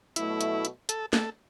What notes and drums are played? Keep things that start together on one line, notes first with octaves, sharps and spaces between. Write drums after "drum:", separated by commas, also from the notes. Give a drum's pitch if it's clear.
B2 F#3 A3 E4, drum: hi-hat
drum: hi-hat
drum: hi-hat
A4, drum: hi-hat
A4, drum: snare